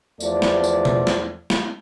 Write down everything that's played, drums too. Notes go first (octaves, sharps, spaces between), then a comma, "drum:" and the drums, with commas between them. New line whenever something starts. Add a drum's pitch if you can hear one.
E2 F3 A3 D5, drum: tambourine
drum: snare
drum: tambourine
drum: tom B2
drum: snare
drum: snare